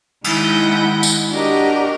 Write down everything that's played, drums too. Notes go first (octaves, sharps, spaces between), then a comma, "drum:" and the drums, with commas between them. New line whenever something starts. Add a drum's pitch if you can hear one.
D#3 G#3 E4 F#5 G6 A#6, drum: cymbal
drum: tambourine
D4 F#4 G4 A#4 D#5